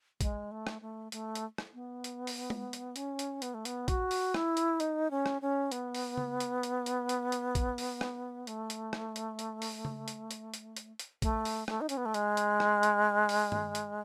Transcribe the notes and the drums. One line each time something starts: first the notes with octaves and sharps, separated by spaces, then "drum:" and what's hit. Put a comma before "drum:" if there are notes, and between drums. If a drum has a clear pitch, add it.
G#3, drum: kick A#1, hi-hat
A3
drum: rim click
A3
A3, drum: hi-hat
drum: hi-hat
drum: rim click
B3
drum: hi-hat
drum: open hi-hat
drum: tom G#3
drum: hi-hat
C#4, drum: hi-hat
drum: hi-hat
B3, drum: hi-hat
A3
B3, drum: hi-hat
F#4, drum: kick A#1, hi-hat
drum: open hi-hat
E4, drum: rim click
drum: hi-hat
D#4, drum: hi-hat
C#4
drum: rim click
C#4
B3, drum: hi-hat
drum: open hi-hat
drum: tom C#3
drum: hi-hat
drum: hi-hat
drum: hi-hat
drum: hi-hat
drum: hi-hat
drum: kick A#1, hi-hat
drum: open hi-hat
drum: rim click
A3, drum: hi-hat
drum: hi-hat
drum: rim click
drum: hi-hat
drum: hi-hat
drum: open hi-hat
drum: tom C#3
drum: hi-hat
drum: hi-hat
drum: hi-hat
drum: hi-hat
drum: hi-hat
A3, drum: kick A#1, hi-hat
drum: open hi-hat
A3, drum: rim click
D#4
C#4, drum: hi-hat
B3
A3
G#3, drum: hi-hat
drum: hi-hat
drum: rim click
drum: hi-hat
drum: open hi-hat
drum: tom
drum: hi-hat